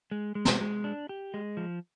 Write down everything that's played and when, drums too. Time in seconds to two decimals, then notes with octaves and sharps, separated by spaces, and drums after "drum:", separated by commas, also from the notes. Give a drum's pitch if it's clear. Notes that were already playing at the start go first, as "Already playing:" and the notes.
0.11 G#3
0.35 G#3
0.45 drum: snare
0.61 G#3
0.84 D4
1.09 G4
1.34 G#3
1.57 F3